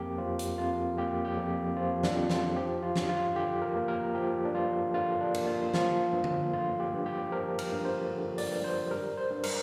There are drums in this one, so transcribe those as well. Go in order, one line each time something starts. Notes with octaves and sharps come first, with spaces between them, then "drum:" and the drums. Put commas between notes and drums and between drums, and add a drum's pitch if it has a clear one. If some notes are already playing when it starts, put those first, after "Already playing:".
Already playing: F2 A#3 G4 A#4
F3 F4
drum: hi-hat
F2 F4
A#3 G4
G4
F2
F3 F4
D4, drum: snare
F2
F4, drum: snare
F3 G4
F4
G2, drum: snare
F4
D3 G4
A#4
A#3
A#4
F3 G4
D4
G2 F4
D3 F4
D4
A#3, drum: cymbal
F4
F3 F4, drum: snare
G2
drum: tom D3
D3 F4
G4
G2
G4
F3 A#4
A#4, drum: cymbal
G2
C5
D3
D5, drum: open hi-hat
G2
C5
G3 A#4
C5
G2
A#4, drum: cymbal